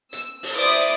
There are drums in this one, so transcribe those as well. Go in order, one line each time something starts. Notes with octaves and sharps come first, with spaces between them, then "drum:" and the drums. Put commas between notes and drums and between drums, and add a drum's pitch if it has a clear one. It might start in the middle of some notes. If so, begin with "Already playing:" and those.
E6, drum: hi-hat
drum: open hi-hat
E4 C5 D5 D6 D#6